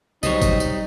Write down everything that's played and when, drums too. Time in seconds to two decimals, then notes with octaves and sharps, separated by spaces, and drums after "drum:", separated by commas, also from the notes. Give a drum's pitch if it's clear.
0.23 C2 F#3 G3 D#4 C5 C#5 D#5, drum: tambourine
0.42 drum: kick, tambourine
0.60 drum: tambourine